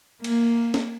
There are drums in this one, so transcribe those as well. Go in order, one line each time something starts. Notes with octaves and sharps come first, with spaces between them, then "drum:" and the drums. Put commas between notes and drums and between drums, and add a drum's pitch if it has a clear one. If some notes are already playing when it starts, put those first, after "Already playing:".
A#3, drum: cymbal
drum: snare